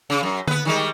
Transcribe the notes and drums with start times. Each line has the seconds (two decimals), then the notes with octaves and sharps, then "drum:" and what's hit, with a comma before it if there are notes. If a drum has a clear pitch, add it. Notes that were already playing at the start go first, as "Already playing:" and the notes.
0.10 C#3
0.23 F#2
0.48 B3 B4, drum: tom D3
0.65 D#3 G3 G#3